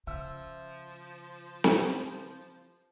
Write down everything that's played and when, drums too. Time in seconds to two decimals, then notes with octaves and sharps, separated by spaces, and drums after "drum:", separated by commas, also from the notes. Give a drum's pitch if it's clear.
0.07 C#3 F3 E5
1.64 drum: snare